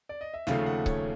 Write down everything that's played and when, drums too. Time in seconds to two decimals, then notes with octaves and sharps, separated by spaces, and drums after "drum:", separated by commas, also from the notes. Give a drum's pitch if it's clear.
0.09 D5
0.21 D#5
0.34 E5
0.47 D#2 C#3 F3 A3 F5, drum: snare
0.66 F#5
0.86 C#5, drum: kick C#1